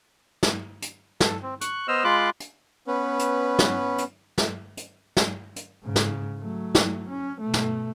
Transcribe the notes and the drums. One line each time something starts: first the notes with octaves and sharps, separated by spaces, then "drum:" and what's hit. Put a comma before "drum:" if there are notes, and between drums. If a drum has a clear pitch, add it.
drum: snare
drum: hi-hat
A4, drum: snare
C4
C#6 F#6, drum: hi-hat
B3 C5 D#5 E6 F6
G#3 F4 B5 C6 D6 F#6
drum: hi-hat
B3 C#4 B4
drum: hi-hat
drum: snare
drum: hi-hat
drum: snare
drum: hi-hat
drum: snare
drum: hi-hat
G#2 C#3
drum: snare
F#3 A3
drum: snare
C#4
B2 A3
drum: snare